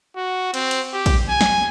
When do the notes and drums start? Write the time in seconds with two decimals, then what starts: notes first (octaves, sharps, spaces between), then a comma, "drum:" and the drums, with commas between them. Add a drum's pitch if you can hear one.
0.16 F#4
0.54 C4, drum: cymbal
0.71 drum: cymbal
0.93 G4
1.06 drum: kick, cymbal
1.29 G#5
1.41 drum: snare